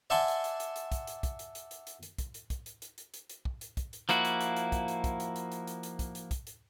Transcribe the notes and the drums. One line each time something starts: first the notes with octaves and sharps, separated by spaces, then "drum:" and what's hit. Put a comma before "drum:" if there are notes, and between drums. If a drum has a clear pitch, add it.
D5 E5 F#5 G#5 A5 C6
drum: hi-hat
drum: hi-hat
drum: hi-hat
drum: hi-hat
drum: kick, hi-hat
drum: hi-hat
drum: kick, hi-hat
drum: hi-hat
drum: hi-hat
drum: hi-hat
drum: hi-hat
drum: hi-hat
drum: kick, hi-hat
drum: hi-hat
drum: kick, hi-hat
drum: hi-hat
drum: hi-hat
drum: hi-hat
drum: hi-hat
drum: hi-hat
drum: kick
drum: hi-hat
drum: kick, hi-hat
drum: hi-hat
F3 A#3 E4 F#4, drum: hi-hat
drum: hi-hat
drum: hi-hat
drum: hi-hat
drum: kick, hi-hat
drum: hi-hat
drum: kick, hi-hat
drum: hi-hat
drum: hi-hat
drum: hi-hat
drum: hi-hat
drum: hi-hat
drum: kick, hi-hat
drum: hi-hat
drum: kick, hi-hat
drum: hi-hat